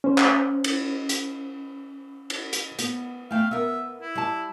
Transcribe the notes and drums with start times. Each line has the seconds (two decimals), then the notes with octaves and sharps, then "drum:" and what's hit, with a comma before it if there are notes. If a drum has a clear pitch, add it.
0.04 C#4 C5
0.18 drum: clap
0.64 drum: cymbal
1.09 drum: hi-hat
2.30 drum: cymbal
2.53 drum: hi-hat
2.79 B3, drum: hi-hat
3.31 A3 F5 G5
3.51 B3 A#4 E5
4.01 E4
4.15 G3 A5